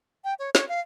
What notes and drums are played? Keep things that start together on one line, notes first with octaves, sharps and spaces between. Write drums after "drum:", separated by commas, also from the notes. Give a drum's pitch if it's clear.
G5
C#5
C#5, drum: snare
F5